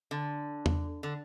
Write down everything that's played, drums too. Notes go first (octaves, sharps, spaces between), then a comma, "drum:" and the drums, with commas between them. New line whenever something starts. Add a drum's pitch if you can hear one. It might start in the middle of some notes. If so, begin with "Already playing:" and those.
D3
drum: tom E2
D3